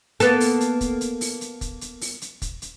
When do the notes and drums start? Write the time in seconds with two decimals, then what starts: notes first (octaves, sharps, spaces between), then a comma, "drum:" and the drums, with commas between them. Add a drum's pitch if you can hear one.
0.20 A#3 B3 A4, drum: hi-hat
0.40 drum: open hi-hat
0.61 drum: hi-hat
0.81 drum: kick, hi-hat
1.01 drum: hi-hat
1.21 drum: open hi-hat
1.41 drum: hi-hat
1.61 drum: kick, hi-hat
1.81 drum: hi-hat
2.01 drum: open hi-hat
2.22 drum: hi-hat
2.42 drum: kick, hi-hat
2.62 drum: hi-hat